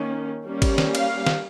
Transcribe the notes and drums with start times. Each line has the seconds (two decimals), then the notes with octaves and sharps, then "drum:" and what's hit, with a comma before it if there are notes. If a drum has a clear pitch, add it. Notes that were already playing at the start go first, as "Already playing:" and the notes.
Already playing: D#3 A#3 C#4
0.46 G3 A#3 C#4
0.62 drum: kick, cymbal
0.78 drum: snare
0.95 F5, drum: cymbal
1.27 drum: snare